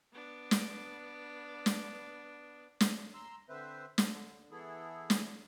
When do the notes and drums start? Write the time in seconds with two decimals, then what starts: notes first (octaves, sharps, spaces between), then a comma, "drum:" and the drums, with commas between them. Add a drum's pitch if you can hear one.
0.13 B3 D4
0.51 drum: snare
1.66 drum: snare
2.80 drum: snare
3.14 A#5 C6 E6
3.49 D3 C4 B4 C5 E5
3.98 D3, drum: snare
4.51 E3 B3 E4 G#4 A4
5.10 drum: snare